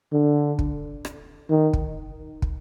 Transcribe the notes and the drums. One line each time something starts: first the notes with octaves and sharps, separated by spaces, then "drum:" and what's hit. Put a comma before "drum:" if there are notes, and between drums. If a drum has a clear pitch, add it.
D3
drum: kick
drum: rim click
D#3
drum: kick
drum: kick